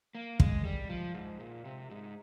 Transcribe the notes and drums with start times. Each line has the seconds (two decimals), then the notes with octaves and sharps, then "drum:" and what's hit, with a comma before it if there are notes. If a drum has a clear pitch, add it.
0.15 A#3
0.40 G#3, drum: kick
0.65 G3
0.89 F3
1.14 G#2
1.40 A#2
1.65 C3
1.91 G#2